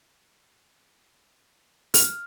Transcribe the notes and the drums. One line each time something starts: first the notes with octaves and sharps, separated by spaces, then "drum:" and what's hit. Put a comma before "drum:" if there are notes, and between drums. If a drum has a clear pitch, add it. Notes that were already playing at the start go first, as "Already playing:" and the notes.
F6, drum: open hi-hat